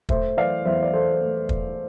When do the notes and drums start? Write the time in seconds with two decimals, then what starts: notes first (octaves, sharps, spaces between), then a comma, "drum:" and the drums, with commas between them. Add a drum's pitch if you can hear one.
0.09 A3 C5 E5, drum: kick
0.37 E3 D5 F5
0.65 E2 C5 E5
0.83 D5
0.93 E2 A4 C5
1.21 A3
1.49 drum: kick